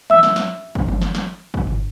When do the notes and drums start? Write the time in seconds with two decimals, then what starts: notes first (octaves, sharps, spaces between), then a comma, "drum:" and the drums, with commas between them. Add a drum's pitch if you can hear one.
0.10 E5 E6, drum: tom D#3
0.23 drum: snare
0.36 drum: snare
0.75 drum: kick
0.88 drum: tom E3
1.02 drum: snare
1.15 drum: snare
1.54 drum: kick
1.67 drum: tom G2